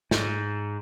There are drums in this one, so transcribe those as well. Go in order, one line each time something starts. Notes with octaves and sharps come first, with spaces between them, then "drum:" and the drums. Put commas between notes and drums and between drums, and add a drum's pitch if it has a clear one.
G#2, drum: snare